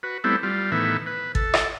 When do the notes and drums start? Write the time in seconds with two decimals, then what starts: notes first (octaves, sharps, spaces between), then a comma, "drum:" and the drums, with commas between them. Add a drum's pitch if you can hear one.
0.03 F#4 B4
0.24 G3 A3 B3 C4 E4
0.43 G3 F4
0.72 A2 D#3 E3 B3 E5
1.06 B4
1.35 A4, drum: kick
1.54 drum: rim click